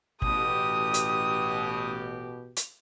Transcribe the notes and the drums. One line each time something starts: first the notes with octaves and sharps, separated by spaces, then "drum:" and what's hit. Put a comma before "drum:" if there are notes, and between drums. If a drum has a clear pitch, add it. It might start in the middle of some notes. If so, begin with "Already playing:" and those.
A1 B2 G4 D#6, drum: kick
drum: hi-hat
drum: hi-hat